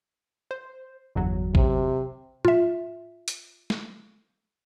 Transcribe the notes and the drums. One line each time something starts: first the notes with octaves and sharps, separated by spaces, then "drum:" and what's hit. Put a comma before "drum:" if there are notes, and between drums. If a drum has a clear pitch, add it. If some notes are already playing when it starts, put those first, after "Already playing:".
C5
G1 E2 F#3
C3, drum: kick
F4 E5, drum: tom A2
drum: hi-hat
drum: snare